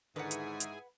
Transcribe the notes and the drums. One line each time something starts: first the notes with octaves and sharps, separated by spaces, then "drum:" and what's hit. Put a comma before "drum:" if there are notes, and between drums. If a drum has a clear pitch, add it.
G#2 D3 D#3 E4 G#4 B4 F#5 G#5
drum: hi-hat
drum: hi-hat